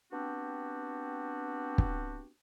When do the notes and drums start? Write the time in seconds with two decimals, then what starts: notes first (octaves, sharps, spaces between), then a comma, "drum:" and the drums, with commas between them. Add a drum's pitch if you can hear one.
0.12 B3 C4 D4 F#4 G4
1.78 drum: kick